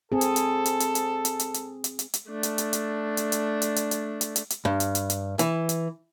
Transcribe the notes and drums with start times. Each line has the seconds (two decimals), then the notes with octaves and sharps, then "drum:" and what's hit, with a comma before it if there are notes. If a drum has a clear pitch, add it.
0.12 C4 G#4 A4
0.21 drum: hi-hat
0.36 drum: hi-hat
0.66 drum: hi-hat
0.80 drum: hi-hat
0.95 drum: hi-hat
1.25 drum: hi-hat
1.40 drum: hi-hat
1.54 drum: hi-hat
1.84 drum: hi-hat
1.99 drum: hi-hat
2.14 drum: hi-hat
2.28 A3 D4
2.43 drum: hi-hat
2.58 drum: hi-hat
2.73 drum: hi-hat
3.17 drum: hi-hat
3.32 drum: hi-hat
3.62 drum: hi-hat
3.76 drum: hi-hat
3.91 drum: hi-hat
4.21 drum: hi-hat
4.36 drum: hi-hat
4.50 drum: hi-hat
4.65 G2
4.80 drum: hi-hat
4.95 drum: hi-hat
5.10 drum: hi-hat
5.39 E3, drum: hi-hat
5.69 drum: hi-hat